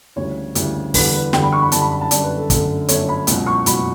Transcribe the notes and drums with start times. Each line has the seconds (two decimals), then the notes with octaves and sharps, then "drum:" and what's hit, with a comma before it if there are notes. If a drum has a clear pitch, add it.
0.16 D2 C#3 E3 G3 C#5
0.55 D2 C#3 E3 G3, drum: hi-hat
0.94 E2 D3 G3 B4, drum: kick, open hi-hat
1.13 B4
1.33 E2 D3 G3 G5, drum: snare
1.43 B5
1.53 C#6
1.62 B5
1.72 F#2 D3 G3 A5, drum: hi-hat
1.81 B5
1.92 B5
2.01 A5
2.11 F#2 D3 G3 D5, drum: hi-hat
2.24 B4
2.37 A4
2.50 G1 F#2 D3 A3, drum: kick, hi-hat
2.88 G1 F#2 D3 A3 C#5, drum: hi-hat
3.09 B5
3.27 C#2 B2 F#3, drum: hi-hat
3.46 C#6
3.66 C#2 B2 F#3 B5, drum: hi-hat